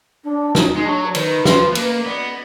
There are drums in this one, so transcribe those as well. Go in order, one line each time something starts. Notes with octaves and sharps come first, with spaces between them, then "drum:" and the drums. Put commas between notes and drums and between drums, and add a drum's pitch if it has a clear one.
D4
D#4, drum: snare
G#3 D#4
F#3 D4
D5
D#3 B4, drum: cymbal
F3, drum: snare
B3
A#3, drum: cymbal
B3 D5